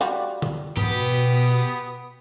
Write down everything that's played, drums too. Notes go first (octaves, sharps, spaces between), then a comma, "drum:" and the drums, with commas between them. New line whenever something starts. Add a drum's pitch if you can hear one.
G3 F4 F#4
drum: tom
B2 B3 G4 B4 D#6, drum: tom G#2